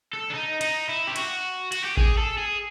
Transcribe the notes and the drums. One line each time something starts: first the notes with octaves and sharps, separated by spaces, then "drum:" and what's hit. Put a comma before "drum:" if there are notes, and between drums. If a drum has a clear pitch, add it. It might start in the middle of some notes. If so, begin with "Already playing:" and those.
A4
D4
D#4
D#4, drum: cymbal
E4
G4
F#4, drum: cymbal
F#4, drum: cymbal
G4
G#4, drum: kick A1
A4
G#4